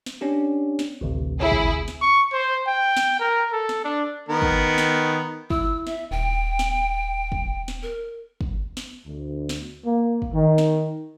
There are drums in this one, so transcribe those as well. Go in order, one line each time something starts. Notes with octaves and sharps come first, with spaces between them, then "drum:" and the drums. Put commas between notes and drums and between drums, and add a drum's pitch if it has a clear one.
drum: snare
C#4 D4 G4
drum: snare
A1 D2 C3
E4 G#4
drum: kick
drum: snare
C#6
C5
G5
drum: snare
A#4
A4
drum: snare
D4
D#3 B3 A#4
drum: kick
drum: snare
E4 E6, drum: kick
E5, drum: snare
D#1 G5
drum: snare
drum: kick
drum: snare
A#4
drum: kick
drum: snare
D2
drum: snare
A#3
drum: kick
D#3
drum: snare